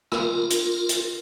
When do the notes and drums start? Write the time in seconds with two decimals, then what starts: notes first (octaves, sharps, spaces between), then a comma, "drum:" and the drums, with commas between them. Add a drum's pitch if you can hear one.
0.12 F4 A#4, drum: rim click
0.50 drum: hi-hat
0.89 drum: hi-hat